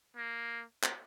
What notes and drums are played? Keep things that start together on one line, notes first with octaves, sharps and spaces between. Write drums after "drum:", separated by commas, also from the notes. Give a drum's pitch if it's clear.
A#3
drum: clap